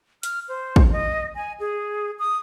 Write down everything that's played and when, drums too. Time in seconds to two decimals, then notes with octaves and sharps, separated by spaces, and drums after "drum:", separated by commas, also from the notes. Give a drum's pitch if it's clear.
0.23 F6, drum: hi-hat
0.48 C5
0.76 drum: kick
0.92 D#5
1.36 G#5
1.60 G#4
2.19 D#6